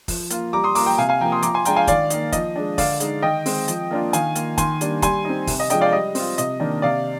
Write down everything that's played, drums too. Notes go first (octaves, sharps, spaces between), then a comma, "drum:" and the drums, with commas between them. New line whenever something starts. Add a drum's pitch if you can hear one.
F3, drum: kick, open hi-hat
A#3 F4, drum: hi-hat
G3 A#5 D6
C6 D#6
A#3 F4 A#5 D6, drum: open hi-hat
G5 A#5
C3 F5 G#5
F5 G#5
F3 A#3 G5 A#5
C6 D#6
F3 A#5 D6, drum: hi-hat
G#5 C6
G#3 D4 F4 G5 A#5, drum: hi-hat
F5 G#5
D#3 D5 F5, drum: kick, hi-hat
A#3 D#4, drum: hi-hat
F3 D#5, drum: kick, hi-hat
G#3 D4
D3 D5 F5, drum: kick, open hi-hat
G#3 D#4, drum: hi-hat
D#3 D#5 G5
G#3 C4, drum: open hi-hat
F3, drum: hi-hat
A#3 D4 F4
D#3 F5 G#5, drum: hi-hat
A#3 F4, drum: hi-hat
D#3 G#5 C6, drum: kick, hi-hat
G3 A#3 D4, drum: hi-hat
G3 G#5 C6, drum: kick, hi-hat
C4 D#4
C3, drum: kick, open hi-hat
D#5
F3 G#3 D4 D#5 G5, drum: hi-hat
D5 F5
G3 D#5
C4 F4, drum: open hi-hat
C3 D#5, drum: hi-hat
D#3 A#3 D4
C3 D5 F5